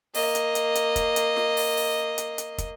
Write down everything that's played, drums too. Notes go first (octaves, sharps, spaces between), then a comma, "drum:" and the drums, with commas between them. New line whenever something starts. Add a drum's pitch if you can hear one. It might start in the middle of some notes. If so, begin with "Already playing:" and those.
A#3 D#5, drum: open hi-hat
drum: hi-hat
drum: hi-hat
drum: hi-hat
drum: kick, hi-hat
drum: hi-hat
drum: snare
drum: open hi-hat
drum: open hi-hat
drum: hi-hat
drum: hi-hat
drum: kick, hi-hat